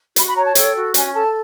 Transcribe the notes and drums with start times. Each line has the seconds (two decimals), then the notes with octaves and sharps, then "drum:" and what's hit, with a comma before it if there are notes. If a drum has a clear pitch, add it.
0.16 F#4 B5, drum: hi-hat
0.26 B5
0.36 C#5 A#5
0.46 A5
0.55 A4 G5, drum: hi-hat
0.76 F#4
0.94 C#4 G#5, drum: hi-hat
1.14 A4 A5